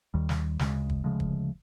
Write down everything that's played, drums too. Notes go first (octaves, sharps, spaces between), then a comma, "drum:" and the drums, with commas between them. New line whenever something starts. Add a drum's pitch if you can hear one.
D#2 D#3 G3
drum: snare
D2 C#3 F3 G#3, drum: snare
drum: kick
D2 C#3 F3 G#3
drum: kick